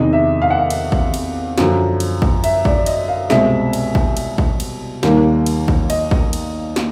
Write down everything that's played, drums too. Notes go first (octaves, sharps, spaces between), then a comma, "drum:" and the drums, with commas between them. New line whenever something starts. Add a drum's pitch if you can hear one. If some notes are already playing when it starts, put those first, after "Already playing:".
Already playing: E2 C3 D#3 D#5
E5
F5
F#5
F5
drum: cymbal
drum: kick
drum: cymbal
F#2 D3 F3 A3, drum: snare
drum: cymbal
drum: kick
E5, drum: cymbal
D5, drum: kick
D#5, drum: cymbal
F5
C2 B2 G#3 C4 E5, drum: snare
drum: cymbal
drum: kick
drum: cymbal
drum: kick
drum: cymbal
D#2 D#3 G3 A#3, drum: snare
drum: cymbal
drum: kick
D#5, drum: cymbal
drum: kick
drum: cymbal
drum: snare